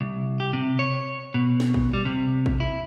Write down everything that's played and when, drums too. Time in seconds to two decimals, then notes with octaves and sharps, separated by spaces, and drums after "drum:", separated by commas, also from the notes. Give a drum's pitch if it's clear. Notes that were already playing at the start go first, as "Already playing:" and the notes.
0.01 C2
0.40 G4
0.53 C3
0.79 C#5
1.34 B2
1.60 drum: snare
1.74 drum: kick
1.93 G3
2.05 C3
2.46 drum: kick
2.60 E4